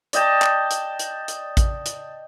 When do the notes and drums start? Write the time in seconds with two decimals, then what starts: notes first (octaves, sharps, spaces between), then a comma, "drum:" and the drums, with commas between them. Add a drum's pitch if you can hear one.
0.13 D5 D#5 G5 A5, drum: hi-hat
0.42 drum: clap
0.71 drum: hi-hat
0.99 drum: hi-hat
1.28 drum: hi-hat
1.57 drum: kick A1, hi-hat
1.86 drum: hi-hat